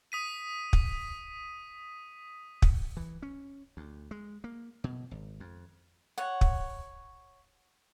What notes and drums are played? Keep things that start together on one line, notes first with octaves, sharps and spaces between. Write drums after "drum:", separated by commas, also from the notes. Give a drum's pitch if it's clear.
D#6 B6 D#7
drum: kick
drum: kick
E3
C#4
D2
G#3
A#3
B2
G#1
F2
C#5 F#5
drum: kick